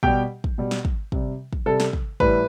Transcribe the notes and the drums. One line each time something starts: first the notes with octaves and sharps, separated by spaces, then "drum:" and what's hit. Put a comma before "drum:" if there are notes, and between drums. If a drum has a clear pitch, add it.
B2 G3 G4 G5, drum: kick
drum: kick
B2 G3
drum: snare
drum: kick
C3 G3, drum: kick
drum: kick
C3 G3 A4
drum: snare
drum: kick
A2 E3 G3 B4, drum: kick